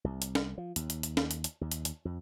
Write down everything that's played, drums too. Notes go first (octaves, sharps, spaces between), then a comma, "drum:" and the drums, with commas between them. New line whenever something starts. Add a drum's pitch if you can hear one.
C2
drum: hi-hat
drum: snare
F3
D#2, drum: hi-hat
drum: hi-hat
drum: hi-hat
drum: snare
drum: hi-hat
drum: hi-hat
D#2
drum: hi-hat
drum: hi-hat
F2